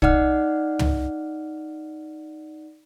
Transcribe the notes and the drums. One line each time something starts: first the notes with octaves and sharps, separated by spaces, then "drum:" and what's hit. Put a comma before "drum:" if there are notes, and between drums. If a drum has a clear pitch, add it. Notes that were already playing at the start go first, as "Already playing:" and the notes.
D#4 D5 F#5 F6, drum: kick
drum: tom